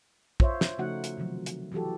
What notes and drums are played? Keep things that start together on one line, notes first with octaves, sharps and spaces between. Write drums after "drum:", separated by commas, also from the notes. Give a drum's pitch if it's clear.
F4 C5 C#5 E5, drum: kick
drum: snare
C#3 F3 A3 D#4 F#4 F#5
drum: hi-hat
C3 D#3 F3 F#3
drum: hi-hat
E3 F#3 F#4 G4 A4